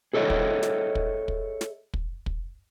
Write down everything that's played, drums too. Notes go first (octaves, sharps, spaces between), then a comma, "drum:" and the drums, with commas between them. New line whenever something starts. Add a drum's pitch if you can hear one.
G#4 A4 C#5 D#5 E5
drum: kick
drum: snare
drum: kick
drum: kick
drum: snare
drum: kick
drum: kick